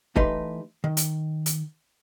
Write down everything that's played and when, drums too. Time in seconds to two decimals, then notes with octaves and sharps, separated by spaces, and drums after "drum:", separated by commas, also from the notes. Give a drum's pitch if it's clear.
0.16 E3 A3 D#4 G4 B4 C6, drum: kick
0.84 D#3
0.97 drum: hi-hat
1.46 drum: hi-hat